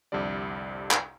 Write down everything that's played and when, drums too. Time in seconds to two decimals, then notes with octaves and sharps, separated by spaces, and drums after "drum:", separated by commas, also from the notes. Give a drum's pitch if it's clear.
0.12 C2 F2 D3 G3 D5
0.91 drum: clap